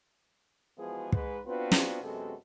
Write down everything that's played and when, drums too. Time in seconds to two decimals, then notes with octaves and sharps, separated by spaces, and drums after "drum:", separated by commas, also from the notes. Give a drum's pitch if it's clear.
0.77 E3 F3 G#3 B3 F#4 G#4
1.12 G#2 G#3 B4, drum: kick
1.46 B3 C4 D4 F4 F#4 B4
1.72 drum: snare
2.02 F#2 C3 G#3 B3 F#4 A4